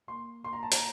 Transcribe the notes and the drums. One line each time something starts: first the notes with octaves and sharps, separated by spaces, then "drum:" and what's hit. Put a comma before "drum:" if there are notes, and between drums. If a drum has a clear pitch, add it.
A#3 C6
A#3 C6
A#5
A5
A#5, drum: hi-hat